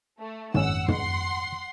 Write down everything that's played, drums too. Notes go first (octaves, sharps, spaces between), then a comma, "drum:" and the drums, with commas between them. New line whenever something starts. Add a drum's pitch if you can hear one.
A3
G#1 C#4 F#5 E6, drum: tom
F#5 C6, drum: tom